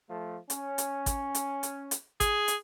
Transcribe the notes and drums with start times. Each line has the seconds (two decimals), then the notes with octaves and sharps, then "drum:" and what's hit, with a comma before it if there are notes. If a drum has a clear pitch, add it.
0.10 F3 A3
0.50 C#4, drum: hi-hat
0.78 drum: hi-hat
1.06 drum: kick G#1, hi-hat
1.35 drum: hi-hat
1.63 drum: hi-hat
1.91 drum: hi-hat
2.20 G#4, drum: kick G#1, hi-hat
2.48 drum: hi-hat